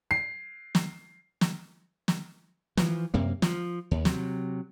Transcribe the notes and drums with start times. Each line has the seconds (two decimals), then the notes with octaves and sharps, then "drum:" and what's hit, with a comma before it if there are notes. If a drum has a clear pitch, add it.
0.11 C7
0.75 drum: snare
1.41 drum: snare
2.08 drum: snare
2.77 E3 F3, drum: snare
3.14 F#2 C3 A#3
3.42 F3, drum: snare
3.91 D#2
4.05 C3 F#3, drum: snare